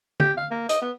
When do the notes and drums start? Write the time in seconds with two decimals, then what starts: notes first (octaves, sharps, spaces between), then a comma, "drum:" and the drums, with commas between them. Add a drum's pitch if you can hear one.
0.20 G4, drum: tom
0.37 F5
0.51 A#3
0.69 D#5, drum: hi-hat
0.82 B3